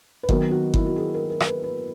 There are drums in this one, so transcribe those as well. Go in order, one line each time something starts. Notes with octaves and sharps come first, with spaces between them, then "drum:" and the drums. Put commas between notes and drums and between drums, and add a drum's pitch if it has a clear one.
B4
D#3 F#3 B3 A#4, drum: kick G1
F#4
E4, drum: kick G1
F#4
G#4
A#4
A#4
A#4, drum: rim click
B4
B4